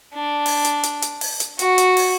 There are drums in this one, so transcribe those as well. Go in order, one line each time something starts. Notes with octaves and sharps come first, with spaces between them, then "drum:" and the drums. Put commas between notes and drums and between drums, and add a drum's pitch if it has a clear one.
D4
drum: open hi-hat
drum: hi-hat
drum: hi-hat
drum: hi-hat
drum: open hi-hat
drum: hi-hat
F#4, drum: hi-hat
drum: hi-hat
drum: open hi-hat